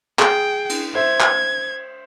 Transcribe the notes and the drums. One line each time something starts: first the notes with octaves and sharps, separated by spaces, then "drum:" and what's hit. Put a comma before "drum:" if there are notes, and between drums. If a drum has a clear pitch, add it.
G#4 G5, drum: clap
drum: cymbal
C5 E5 G#6
drum: clap